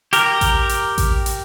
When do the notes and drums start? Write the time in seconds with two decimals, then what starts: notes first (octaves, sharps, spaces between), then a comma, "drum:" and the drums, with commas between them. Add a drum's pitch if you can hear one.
0.13 G4 A#4, drum: hi-hat
0.41 drum: kick A1, hi-hat
0.69 drum: hi-hat
0.98 drum: kick A1, hi-hat
1.26 drum: hi-hat